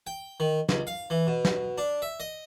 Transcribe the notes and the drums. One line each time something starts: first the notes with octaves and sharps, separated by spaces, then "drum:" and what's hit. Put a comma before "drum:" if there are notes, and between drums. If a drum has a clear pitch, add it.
G5
D#3
C#2, drum: snare
F5
E3
B2
drum: snare
D4
E5
D#5